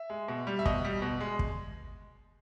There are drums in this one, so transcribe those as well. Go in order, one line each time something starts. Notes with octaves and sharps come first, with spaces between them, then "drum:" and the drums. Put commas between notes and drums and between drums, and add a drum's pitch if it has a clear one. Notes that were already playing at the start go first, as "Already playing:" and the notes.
Already playing: E5
G#3
B2
G3
E5
B2 D#5, drum: kick
G3
B2
G#3
drum: kick